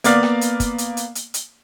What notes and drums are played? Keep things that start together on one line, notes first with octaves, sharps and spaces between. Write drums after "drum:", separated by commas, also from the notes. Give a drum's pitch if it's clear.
A#3 B3 D5 F5, drum: hi-hat
drum: rim click
drum: hi-hat
drum: kick, hi-hat
drum: hi-hat
drum: hi-hat
drum: hi-hat
drum: hi-hat